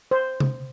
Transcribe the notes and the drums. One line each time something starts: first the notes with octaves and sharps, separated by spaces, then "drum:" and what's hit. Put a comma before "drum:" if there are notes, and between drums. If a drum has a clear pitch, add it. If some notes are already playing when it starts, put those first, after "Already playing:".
C5
drum: tom C3